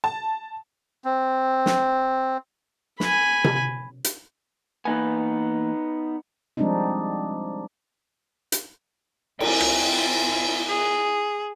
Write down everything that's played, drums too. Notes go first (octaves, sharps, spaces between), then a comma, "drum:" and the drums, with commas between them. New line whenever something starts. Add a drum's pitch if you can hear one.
A5
C4
drum: snare
G#5 B5, drum: snare
drum: tom C3
drum: hi-hat
E2 A#3 B3 D#4 B4 G#5
F3 G3 G#3 C4 D4 D#4
drum: hi-hat
C4 E4 F4 G5 G#5, drum: cymbal
drum: rim click
G#4